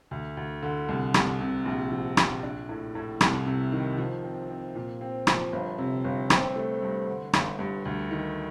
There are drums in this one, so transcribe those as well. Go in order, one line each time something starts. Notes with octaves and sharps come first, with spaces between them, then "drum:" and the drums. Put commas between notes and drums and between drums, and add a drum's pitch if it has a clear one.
D2
D2
D3
C2
C2, drum: rim click
C3
A#1
F3
A#1, drum: rim click
D4
A2
A2
C2, drum: rim click
C3
D#3
F3
C4
C4
A#2
C4
F3, drum: rim click
G1
C3
G1
C4, drum: rim click
A3
G2
D3
G1, drum: rim click
G2
D2
D#3